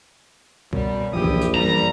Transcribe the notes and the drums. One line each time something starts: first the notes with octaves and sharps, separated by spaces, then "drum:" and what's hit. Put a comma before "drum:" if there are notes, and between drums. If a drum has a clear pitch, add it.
F#2 B2 G3, drum: kick C#2
A#1 F#2 E3 F3 E4 G4 D#6
drum: kick C#2
drum: tambourine
F#2 A#2 E3 F3 G3 A#5